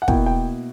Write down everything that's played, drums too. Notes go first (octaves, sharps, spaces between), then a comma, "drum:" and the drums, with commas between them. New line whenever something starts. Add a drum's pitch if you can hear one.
F#5
B2 A#3 E4 G5, drum: kick
G5